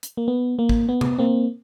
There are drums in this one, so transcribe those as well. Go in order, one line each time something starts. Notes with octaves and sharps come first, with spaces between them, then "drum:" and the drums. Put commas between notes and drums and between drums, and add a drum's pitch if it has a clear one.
drum: hi-hat
A#3
B3
A#3
drum: kick
B3
drum: tom C3
A#3 C4